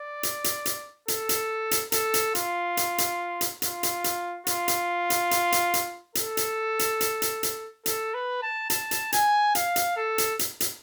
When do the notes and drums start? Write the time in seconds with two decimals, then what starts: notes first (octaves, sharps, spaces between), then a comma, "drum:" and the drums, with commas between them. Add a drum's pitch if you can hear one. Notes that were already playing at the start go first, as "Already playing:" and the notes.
Already playing: D5
0.23 drum: hi-hat
0.44 drum: hi-hat
0.66 drum: hi-hat
1.08 A4, drum: hi-hat
1.29 drum: hi-hat
1.71 drum: hi-hat
1.92 A4, drum: hi-hat
2.14 drum: hi-hat
2.35 F4, drum: hi-hat
2.77 drum: hi-hat
2.98 drum: hi-hat
3.41 drum: hi-hat
3.62 F4, drum: hi-hat
3.83 drum: hi-hat
4.04 drum: hi-hat
4.47 F4, drum: hi-hat
4.68 drum: hi-hat
5.10 drum: hi-hat
5.31 drum: hi-hat
5.52 drum: hi-hat
5.74 drum: hi-hat
6.15 A4, drum: hi-hat
6.37 drum: hi-hat
6.79 drum: hi-hat
7.01 drum: hi-hat
7.22 drum: hi-hat
7.43 drum: hi-hat
7.86 A4, drum: hi-hat
8.14 B4
8.42 A5
8.70 A5, drum: hi-hat
8.91 drum: hi-hat
9.12 G#5, drum: hi-hat
9.55 F5, drum: hi-hat
9.76 drum: hi-hat
9.96 A4
10.18 drum: hi-hat
10.39 drum: hi-hat
10.60 drum: hi-hat